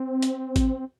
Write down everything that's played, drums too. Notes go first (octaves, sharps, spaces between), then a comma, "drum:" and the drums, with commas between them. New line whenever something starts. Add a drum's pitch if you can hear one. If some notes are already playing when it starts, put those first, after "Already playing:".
Already playing: C4
drum: hi-hat
drum: kick G#1, hi-hat